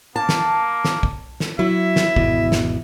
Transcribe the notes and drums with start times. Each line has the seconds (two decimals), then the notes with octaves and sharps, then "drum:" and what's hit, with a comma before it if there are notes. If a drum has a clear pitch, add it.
0.16 A#3 A5
0.29 drum: snare
0.85 drum: snare
1.03 drum: kick
1.40 drum: snare
1.59 F#3 E4 E5
1.96 drum: snare
2.16 G#1 E2 B2, drum: kick
2.52 drum: snare